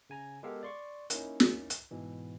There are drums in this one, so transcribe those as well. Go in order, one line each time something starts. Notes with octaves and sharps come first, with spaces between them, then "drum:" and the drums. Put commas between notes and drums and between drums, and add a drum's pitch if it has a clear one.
C#3 G#5 A#5
G#3 B3 G4 A4 A#4 F5
D5 C6 C#6
A#3 C#4 D#4 E4, drum: hi-hat
drum: snare
drum: hi-hat
G#2 B2 E3